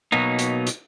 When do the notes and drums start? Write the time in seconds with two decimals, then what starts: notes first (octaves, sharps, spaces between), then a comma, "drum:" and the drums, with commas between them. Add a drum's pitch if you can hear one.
0.12 B2 F#3 A#3 B3 D#4
0.39 drum: hi-hat
0.67 drum: hi-hat